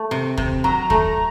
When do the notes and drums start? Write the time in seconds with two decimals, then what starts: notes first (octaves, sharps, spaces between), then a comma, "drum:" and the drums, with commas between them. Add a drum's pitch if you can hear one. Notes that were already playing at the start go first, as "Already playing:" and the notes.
Already playing: A3
0.11 C3
0.37 C3, drum: kick
0.64 F#3 A#5
0.90 A3, drum: kick